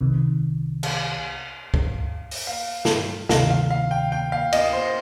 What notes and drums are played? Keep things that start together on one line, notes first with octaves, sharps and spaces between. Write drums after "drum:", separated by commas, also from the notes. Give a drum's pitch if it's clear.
C2 C3 D#3
F5, drum: cymbal
drum: kick C2
drum: open hi-hat
F5
drum: snare
D2 C3 D#3 F5, drum: snare
F5
F5
G5
G5
F5
D#5, drum: cymbal
C5